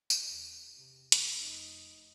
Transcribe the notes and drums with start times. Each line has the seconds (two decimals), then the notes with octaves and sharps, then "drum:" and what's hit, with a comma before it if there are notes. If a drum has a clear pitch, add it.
0.10 drum: tambourine
0.24 E2
0.76 C3
1.12 drum: hi-hat
1.34 F1 D#4